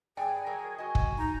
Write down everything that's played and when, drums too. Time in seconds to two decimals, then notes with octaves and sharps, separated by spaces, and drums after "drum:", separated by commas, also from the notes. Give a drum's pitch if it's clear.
0.17 G2 G#4 D5 G5 G#5
0.46 F#3 F#4 A#4
0.78 F#4 D#5 G#5
0.95 drum: kick
1.18 D#4 A#5